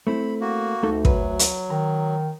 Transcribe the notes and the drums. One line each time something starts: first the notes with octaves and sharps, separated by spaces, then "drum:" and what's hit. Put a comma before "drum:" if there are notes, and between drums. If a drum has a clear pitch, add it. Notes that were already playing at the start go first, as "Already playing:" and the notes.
A3 C4 E4 B5
A#3 F#4
D2 A3 D#4 A4
F#3 B4, drum: kick
drum: hi-hat
D#3 A#5